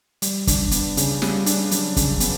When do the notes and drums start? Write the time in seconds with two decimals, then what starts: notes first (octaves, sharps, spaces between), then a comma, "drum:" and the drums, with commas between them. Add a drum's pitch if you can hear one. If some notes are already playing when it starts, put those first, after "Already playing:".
0.22 G3, drum: hi-hat
0.47 D4, drum: kick, hi-hat
0.71 B3, drum: hi-hat
0.97 C#3, drum: hi-hat
1.22 G3, drum: snare
1.46 D4, drum: hi-hat
1.71 F#3, drum: hi-hat
1.97 C#3, drum: kick, hi-hat
2.20 B3, drum: hi-hat